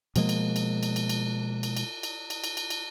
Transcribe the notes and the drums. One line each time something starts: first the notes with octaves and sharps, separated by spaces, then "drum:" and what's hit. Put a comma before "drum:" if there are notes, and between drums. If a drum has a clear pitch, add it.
B2 F3 G#3 A#3, drum: cymbal
drum: cymbal
drum: cymbal
drum: cymbal
drum: cymbal
drum: cymbal
drum: cymbal
drum: cymbal
drum: cymbal
drum: cymbal
drum: cymbal
drum: cymbal
drum: cymbal